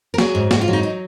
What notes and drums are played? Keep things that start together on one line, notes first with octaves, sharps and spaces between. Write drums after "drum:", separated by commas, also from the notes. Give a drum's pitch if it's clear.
A#4
F#3 G#4, drum: snare
G#2
G#2 F#4, drum: snare
F4
F#3
D#4
D#4